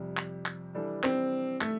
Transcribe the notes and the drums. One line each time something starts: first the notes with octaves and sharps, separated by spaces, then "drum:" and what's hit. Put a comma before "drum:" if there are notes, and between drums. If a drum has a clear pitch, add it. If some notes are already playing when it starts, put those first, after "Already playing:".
Already playing: F2 C3 G3
drum: clap
drum: clap
E3 G3 D4 A4
C4, drum: clap
A3, drum: clap